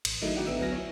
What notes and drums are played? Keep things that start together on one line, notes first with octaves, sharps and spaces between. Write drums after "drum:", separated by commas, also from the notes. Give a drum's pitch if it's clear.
A1, drum: cymbal
D#3 F#3 G#3 A3 D#4 E4
D4 F#4 D5 F#5 G5 A#5
A1 D3 B3 E5 E6
D2 F#3 B3 G#5 F6 A#6
E4 C#5